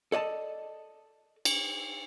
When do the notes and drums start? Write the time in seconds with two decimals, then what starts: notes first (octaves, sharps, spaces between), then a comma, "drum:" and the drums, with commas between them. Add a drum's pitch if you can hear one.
0.12 A4 D5 D#5 A5
1.45 drum: cymbal